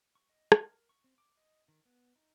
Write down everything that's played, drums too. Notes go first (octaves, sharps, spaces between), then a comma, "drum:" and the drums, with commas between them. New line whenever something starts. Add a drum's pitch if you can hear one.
C#6
D#5
A#4, drum: rim click
C#6
C4
D6
D#5
D#3
B3
D#4